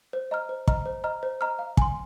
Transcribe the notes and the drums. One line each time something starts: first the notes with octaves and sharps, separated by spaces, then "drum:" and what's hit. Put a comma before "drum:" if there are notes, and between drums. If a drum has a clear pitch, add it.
C5
D#5 A#5 F6
C5
D#5 A#5 F6, drum: kick
C5
D#5 A#5 F6
C5
D#5 A#5 F6
F5
G#5 C6, drum: kick